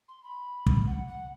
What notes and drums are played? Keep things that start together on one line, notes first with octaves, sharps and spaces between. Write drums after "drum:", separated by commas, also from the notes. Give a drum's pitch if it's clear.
C6
B5
drum: kick
F#5
F#5